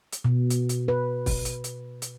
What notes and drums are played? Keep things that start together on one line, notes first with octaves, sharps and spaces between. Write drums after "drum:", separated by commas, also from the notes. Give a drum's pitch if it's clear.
drum: hi-hat
B2
drum: hi-hat
drum: hi-hat
B4
drum: kick, open hi-hat
drum: hi-hat
drum: hi-hat
drum: hi-hat